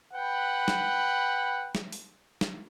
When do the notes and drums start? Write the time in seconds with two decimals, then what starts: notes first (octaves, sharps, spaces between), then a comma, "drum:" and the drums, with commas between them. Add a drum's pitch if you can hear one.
0.14 B4 F#5 G5 B5
0.68 drum: snare
1.75 drum: snare
1.92 drum: open hi-hat
2.41 drum: snare